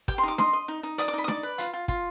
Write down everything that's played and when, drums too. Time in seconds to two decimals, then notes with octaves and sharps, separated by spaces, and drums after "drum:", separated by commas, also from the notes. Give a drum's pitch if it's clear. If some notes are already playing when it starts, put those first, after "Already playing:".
0.08 G4 G5, drum: kick
0.18 C6
0.23 D#4 D6
0.38 D#5 C6, drum: snare D4
0.53 D#5
0.68 D#4
0.83 D#4
0.98 D5 D#6, drum: hi-hat
1.08 D6
1.13 D#4 B5
1.24 D#6
1.28 D5 D6, drum: snare D4
1.43 B4
1.58 F4, drum: hi-hat
1.73 F4
1.88 F4, drum: kick